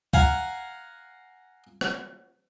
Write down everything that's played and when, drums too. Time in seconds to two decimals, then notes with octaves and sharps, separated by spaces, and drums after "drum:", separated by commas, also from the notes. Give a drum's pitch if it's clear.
0.13 F5 F#5 G#5 A#5, drum: kick
1.81 drum: rim click